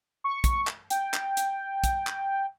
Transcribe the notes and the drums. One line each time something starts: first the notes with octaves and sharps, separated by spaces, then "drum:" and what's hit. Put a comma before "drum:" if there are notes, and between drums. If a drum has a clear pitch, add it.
C#6
drum: kick, hi-hat
drum: clap
G5, drum: hi-hat
drum: clap
drum: hi-hat
drum: kick, hi-hat
drum: clap